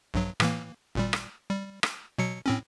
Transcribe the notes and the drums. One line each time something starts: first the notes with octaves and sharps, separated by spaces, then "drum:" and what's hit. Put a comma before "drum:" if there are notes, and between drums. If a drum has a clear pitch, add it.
A#1 G2 F#3
A2 E3 A#3, drum: rim click
G#1 A#2 G3
drum: rim click
G3
drum: rim click
B2 F#3 C#7
A2 C4 C#4